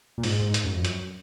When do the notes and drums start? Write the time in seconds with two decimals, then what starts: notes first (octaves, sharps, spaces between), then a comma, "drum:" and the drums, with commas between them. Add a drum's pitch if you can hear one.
0.18 A#2
0.24 G#2, drum: open hi-hat
0.39 G#2
0.54 drum: hi-hat
0.64 F#2
0.74 F2
0.85 F#2, drum: hi-hat